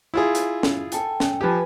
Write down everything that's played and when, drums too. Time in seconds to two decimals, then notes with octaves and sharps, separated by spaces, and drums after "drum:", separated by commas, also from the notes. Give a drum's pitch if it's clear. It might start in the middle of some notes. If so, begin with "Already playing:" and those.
0.14 E4 F4 G#4
0.35 drum: hi-hat
0.63 drum: snare
0.92 A4 G5 G#5, drum: hi-hat
1.20 drum: snare
1.41 F3 G4 B4 G#5